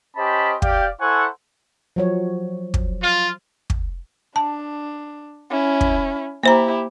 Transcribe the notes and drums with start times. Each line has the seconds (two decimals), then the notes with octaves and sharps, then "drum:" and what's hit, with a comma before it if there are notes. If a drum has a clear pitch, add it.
0.17 C#4 G4 C5 D#5 A5 B5
0.62 G4 D5 F5 G5, drum: kick
1.01 E4 A4 C5 F#5 G#5 C#6
1.96 F3 F#3 C#5
2.74 drum: kick
3.01 F4
3.70 drum: kick
4.36 D4 A5
5.50 C#4 E4
5.81 drum: kick
6.43 A#3 E4 G4 C5 A#5